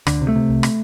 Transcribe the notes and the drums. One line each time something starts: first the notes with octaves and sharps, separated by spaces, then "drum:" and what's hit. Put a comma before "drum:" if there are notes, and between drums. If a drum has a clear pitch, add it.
D2 D3, drum: rim click
C3
A3
C3
C2
drum: rim click